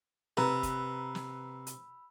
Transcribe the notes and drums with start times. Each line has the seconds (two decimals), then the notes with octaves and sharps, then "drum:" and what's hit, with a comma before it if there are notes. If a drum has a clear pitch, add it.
0.37 C3 B4 A#5 B5 E6, drum: snare
0.63 drum: kick, hi-hat
1.15 drum: snare
1.67 drum: hi-hat